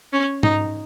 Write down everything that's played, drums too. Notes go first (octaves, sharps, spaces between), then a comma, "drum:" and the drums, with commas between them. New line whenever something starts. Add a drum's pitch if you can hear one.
C#4
D#4, drum: tom G#2